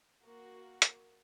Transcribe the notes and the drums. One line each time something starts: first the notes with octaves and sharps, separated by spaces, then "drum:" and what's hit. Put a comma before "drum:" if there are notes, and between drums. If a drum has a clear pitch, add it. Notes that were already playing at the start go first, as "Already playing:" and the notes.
A#3 F#4
drum: hi-hat